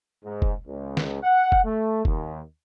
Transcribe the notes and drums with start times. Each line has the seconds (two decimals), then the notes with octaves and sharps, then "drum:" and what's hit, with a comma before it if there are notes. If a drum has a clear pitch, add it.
0.24 G#2
0.42 drum: kick
0.67 C#2
0.97 drum: snare
1.23 F#5
1.52 drum: kick
1.65 A3
2.05 D#2, drum: kick